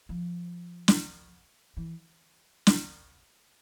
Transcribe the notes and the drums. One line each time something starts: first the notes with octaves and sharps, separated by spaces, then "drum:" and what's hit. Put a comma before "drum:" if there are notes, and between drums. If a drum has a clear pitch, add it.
F3
drum: snare
E3
drum: snare